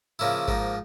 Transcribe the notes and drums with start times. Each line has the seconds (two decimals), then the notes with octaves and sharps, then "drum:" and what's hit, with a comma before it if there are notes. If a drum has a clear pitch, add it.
0.19 C#3 F3 A#3 C#4 E4
0.48 G#2 F3 A#3, drum: kick G#1